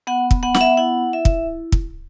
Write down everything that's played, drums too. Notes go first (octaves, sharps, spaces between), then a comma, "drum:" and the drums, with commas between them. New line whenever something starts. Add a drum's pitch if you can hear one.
B3 F#5
drum: kick
B3 F#5
F#5, drum: snare
E5
E4 F#5
E4 E5
drum: kick
drum: kick